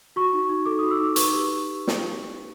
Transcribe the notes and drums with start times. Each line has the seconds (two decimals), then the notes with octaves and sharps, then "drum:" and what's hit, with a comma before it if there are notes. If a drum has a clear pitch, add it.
0.16 F#4 C#6
0.33 D#4
0.49 D#4
0.66 A4 D6
0.79 F#4 D#6
0.91 E6
1.00 D#4 D6
1.16 B4 C#6, drum: hi-hat
1.33 G4
1.88 drum: snare